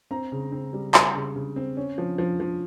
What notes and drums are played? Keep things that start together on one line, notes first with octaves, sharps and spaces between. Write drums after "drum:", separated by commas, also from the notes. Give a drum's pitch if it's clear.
C4 A#5
C#3
C4
G3
G3, drum: clap
C#3
C#3
C4
C#4
F3
F3
F3